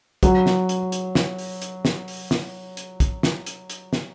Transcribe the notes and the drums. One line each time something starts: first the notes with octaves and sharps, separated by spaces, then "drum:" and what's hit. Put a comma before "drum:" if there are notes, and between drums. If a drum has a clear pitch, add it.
F#3, drum: kick, hi-hat
drum: snare
drum: hi-hat
drum: hi-hat
drum: snare
drum: open hi-hat
drum: hi-hat
drum: snare
drum: open hi-hat
drum: snare
drum: hi-hat
drum: kick, hi-hat
drum: snare
drum: hi-hat
drum: hi-hat
drum: snare